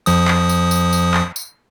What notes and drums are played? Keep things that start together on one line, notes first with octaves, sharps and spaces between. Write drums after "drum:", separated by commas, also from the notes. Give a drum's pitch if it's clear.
F2 F3 D#6, drum: tambourine
drum: clap
drum: tambourine
drum: tambourine
drum: tambourine
drum: clap
drum: tambourine